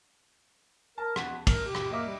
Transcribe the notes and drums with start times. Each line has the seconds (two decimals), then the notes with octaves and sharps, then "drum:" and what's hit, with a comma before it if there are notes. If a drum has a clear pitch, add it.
0.98 A#4 A5
1.16 B3, drum: rim click
1.47 A#4, drum: kick, cymbal
1.65 B2 G4
1.75 drum: rim click
1.91 A#3 D#5 E5 D6
2.06 G3